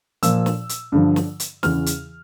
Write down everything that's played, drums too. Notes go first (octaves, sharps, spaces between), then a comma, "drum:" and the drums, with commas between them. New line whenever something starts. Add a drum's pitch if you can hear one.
A#2 F3 E6, drum: hi-hat
drum: snare
drum: hi-hat
G2 D3 F3
drum: snare
drum: hi-hat
E2 C#3 E3 F6, drum: snare
drum: hi-hat